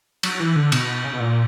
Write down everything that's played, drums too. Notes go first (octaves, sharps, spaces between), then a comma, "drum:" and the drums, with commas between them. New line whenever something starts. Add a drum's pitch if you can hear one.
F#3, drum: cymbal
E3
D3
B2, drum: cymbal
C#3
B2
A#2